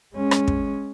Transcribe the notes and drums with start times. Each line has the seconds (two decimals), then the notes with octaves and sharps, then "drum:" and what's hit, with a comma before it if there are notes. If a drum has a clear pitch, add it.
0.15 G#3 C#4
0.31 drum: rim click
0.48 drum: kick